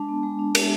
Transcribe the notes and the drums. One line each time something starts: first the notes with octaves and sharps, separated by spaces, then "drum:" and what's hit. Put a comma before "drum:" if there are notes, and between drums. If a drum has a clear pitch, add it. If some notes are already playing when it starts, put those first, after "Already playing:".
Already playing: G#3 D4 A5
B3
G#3
D4
G#3 E5, drum: cymbal